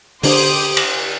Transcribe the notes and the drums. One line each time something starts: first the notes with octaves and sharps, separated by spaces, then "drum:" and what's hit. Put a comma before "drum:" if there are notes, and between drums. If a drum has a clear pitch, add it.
D3 D4 G4 C5 D6 D#6, drum: open hi-hat
drum: cymbal